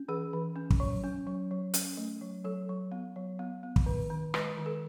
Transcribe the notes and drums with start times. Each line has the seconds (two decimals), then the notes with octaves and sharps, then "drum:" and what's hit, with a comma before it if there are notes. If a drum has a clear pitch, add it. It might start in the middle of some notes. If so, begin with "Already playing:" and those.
Already playing: C#4
0.08 E3 G#4
0.33 E3
0.56 C#4
0.70 drum: kick
0.80 F#3
1.03 C#4
1.27 F#3
1.51 F#3
1.74 C#4, drum: hi-hat
1.97 A3
2.21 F#3
2.44 F#3 A4
2.69 F#3
2.92 B3
3.16 F#3
3.39 B3
3.63 B3
3.76 drum: kick
3.86 D#3
4.10 D#3
4.34 G#3 B4, drum: rim click
4.58 D#3
4.66 A4